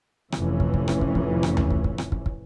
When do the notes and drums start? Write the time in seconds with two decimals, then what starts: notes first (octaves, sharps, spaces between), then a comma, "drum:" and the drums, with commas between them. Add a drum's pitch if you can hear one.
0.32 F1 F2 A2 E3 C#4, drum: rim click
0.60 drum: kick
0.74 drum: kick
0.88 drum: rim click
1.01 drum: kick
1.15 drum: kick
1.43 drum: rim click
1.57 drum: tom D2
1.71 drum: kick
1.84 drum: kick
1.98 drum: rim click
2.12 drum: kick
2.26 drum: kick